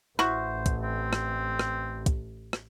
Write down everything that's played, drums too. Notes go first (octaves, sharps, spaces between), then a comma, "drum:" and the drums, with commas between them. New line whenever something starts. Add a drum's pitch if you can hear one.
A1 E4 F#4 C5, drum: rim click
drum: kick, hi-hat
C4
drum: rim click
drum: rim click
drum: kick, hi-hat
drum: rim click